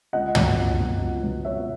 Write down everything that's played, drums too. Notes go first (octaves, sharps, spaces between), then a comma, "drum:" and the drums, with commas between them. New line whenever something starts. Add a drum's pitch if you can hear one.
C#2 D#5 F#5
B2 F#3, drum: tom
C#2
B2 F#3
C#2
B2 F#3
C#2 C#5 E5